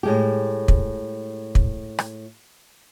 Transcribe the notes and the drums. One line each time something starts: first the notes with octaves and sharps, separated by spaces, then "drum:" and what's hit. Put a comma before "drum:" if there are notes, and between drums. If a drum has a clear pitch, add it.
A2 G#3 G4
drum: kick
drum: kick
drum: rim click